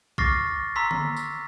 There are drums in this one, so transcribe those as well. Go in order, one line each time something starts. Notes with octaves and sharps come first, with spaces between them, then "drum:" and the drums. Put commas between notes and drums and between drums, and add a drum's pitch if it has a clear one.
C#6 D6 F6 A6 A#6 C7, drum: kick
A#5 C6 E6 B6
drum: tom D3
drum: tambourine